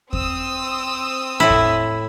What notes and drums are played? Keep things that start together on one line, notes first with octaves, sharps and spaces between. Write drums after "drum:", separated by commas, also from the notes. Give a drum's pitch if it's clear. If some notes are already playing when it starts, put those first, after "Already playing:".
C4 D#6 E6, drum: kick E2
A2 E4
drum: kick E2